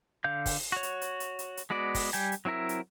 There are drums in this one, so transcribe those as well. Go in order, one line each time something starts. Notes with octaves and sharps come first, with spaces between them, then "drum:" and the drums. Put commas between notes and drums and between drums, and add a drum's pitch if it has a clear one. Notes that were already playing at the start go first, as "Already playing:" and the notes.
D3 F5 G6
drum: kick, open hi-hat
F#4 C#5
drum: hi-hat
drum: hi-hat
drum: hi-hat
drum: hi-hat
drum: hi-hat
G#3 B3 F#4 D5
drum: kick, open hi-hat
G3 G5 G#5, drum: hi-hat
drum: hi-hat
F#3 C4 E4 A#4 E5
drum: hi-hat